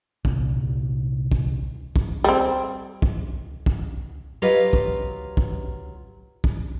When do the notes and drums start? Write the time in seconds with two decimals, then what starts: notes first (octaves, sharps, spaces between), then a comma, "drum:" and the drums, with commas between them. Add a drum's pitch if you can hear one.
0.25 C2 A#2 D3, drum: kick
1.32 drum: kick
1.96 drum: kick
2.24 G3 C4
3.02 drum: kick
3.66 drum: kick
4.42 F#3 F4 G4 B4 D#5 F5
4.73 drum: kick
5.37 drum: kick
6.44 drum: kick